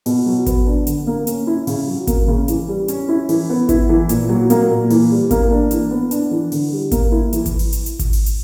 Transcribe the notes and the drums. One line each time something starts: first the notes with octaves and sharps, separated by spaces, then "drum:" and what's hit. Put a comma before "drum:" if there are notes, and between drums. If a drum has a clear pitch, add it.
B2, drum: open hi-hat
F#3
B3, drum: kick G#1, hi-hat
D4
D3, drum: hi-hat
A#3
C#4, drum: hi-hat
E4
C#3, drum: open hi-hat
F#3
A#3, drum: kick G#1, hi-hat
C#3
E3, drum: hi-hat
G3
C#4, drum: hi-hat
E4
E3, drum: open hi-hat
B3
E4, drum: kick G#1, hi-hat
E3
A#2, drum: hi-hat
F#3
A#3, drum: hi-hat
A#2
E3, drum: open hi-hat
G3
A#3, drum: kick G#1, hi-hat
D4
E3, drum: hi-hat
B3
D4, drum: hi-hat
E3
D3, drum: open hi-hat
G3
A#3, drum: kick G#1, hi-hat
E4
E3, drum: hi-hat
drum: kick G#1, hi-hat
drum: open hi-hat
drum: hi-hat
drum: hi-hat
drum: kick G#1, hi-hat
drum: open hi-hat
drum: hi-hat